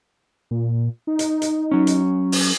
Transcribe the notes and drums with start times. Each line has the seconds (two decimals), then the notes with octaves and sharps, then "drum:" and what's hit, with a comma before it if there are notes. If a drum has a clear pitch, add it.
0.51 A#2
1.07 D#4
1.19 drum: hi-hat
1.42 drum: hi-hat
1.71 F#3 C#4
1.87 drum: hi-hat
2.32 drum: open hi-hat